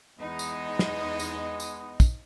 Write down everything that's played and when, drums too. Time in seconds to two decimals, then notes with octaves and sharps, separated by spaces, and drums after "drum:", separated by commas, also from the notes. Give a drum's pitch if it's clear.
0.19 E2 G#3 B3 D#4 D#5
0.39 drum: tambourine
0.79 drum: snare
1.20 drum: tambourine
1.60 drum: tambourine
2.00 drum: kick, tambourine